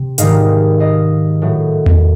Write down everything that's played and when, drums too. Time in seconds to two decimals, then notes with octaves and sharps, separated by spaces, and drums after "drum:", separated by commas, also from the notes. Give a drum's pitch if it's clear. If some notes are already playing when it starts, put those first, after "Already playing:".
Already playing: C3
0.18 G#2 D#3 G3 D#5 F5, drum: hi-hat
0.80 D#5 F5
1.42 A2 F#3
1.86 drum: tom E2